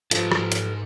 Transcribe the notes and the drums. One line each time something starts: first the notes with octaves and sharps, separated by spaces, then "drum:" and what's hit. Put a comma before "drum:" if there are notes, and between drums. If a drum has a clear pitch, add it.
G#2 F3 A4 B4, drum: hi-hat
drum: rim click
drum: hi-hat